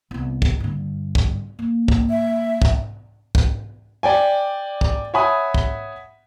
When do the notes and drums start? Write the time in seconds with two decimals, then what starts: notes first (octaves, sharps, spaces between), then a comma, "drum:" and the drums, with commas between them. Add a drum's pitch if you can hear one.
0.11 C2 B3
0.42 drum: kick
0.60 G2 D3
1.15 drum: kick
1.59 A#3
1.88 drum: kick
2.10 E5
2.62 drum: kick
3.35 drum: kick
4.03 D5 G5 G#5
4.81 drum: kick
5.14 C#5 E5 F#5 G#5 B5 D#6
5.54 drum: kick